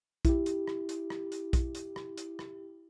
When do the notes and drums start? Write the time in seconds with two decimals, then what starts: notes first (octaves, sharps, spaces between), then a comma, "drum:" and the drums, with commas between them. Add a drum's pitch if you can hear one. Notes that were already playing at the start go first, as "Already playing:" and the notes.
0.25 E4 G4, drum: kick A#1, hi-hat
0.46 drum: hi-hat
0.68 drum: rim click
0.89 drum: hi-hat
1.10 drum: rim click
1.32 drum: hi-hat
1.53 drum: kick A#1, hi-hat
1.75 drum: hi-hat
1.96 drum: rim click
2.18 drum: hi-hat
2.39 drum: rim click